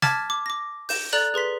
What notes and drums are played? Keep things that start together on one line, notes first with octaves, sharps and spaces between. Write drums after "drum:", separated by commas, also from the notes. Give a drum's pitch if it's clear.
A5 D6 F6 G#6 A6 B6, drum: snare
D6
D6 A#6
G6 E7, drum: open hi-hat
A4 D5 A#5 F#6 A6 F#7
G#4 B4 C6 B6